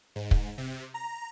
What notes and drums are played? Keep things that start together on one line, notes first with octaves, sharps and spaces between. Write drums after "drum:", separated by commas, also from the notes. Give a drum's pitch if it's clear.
G#2
drum: kick
C3
A#5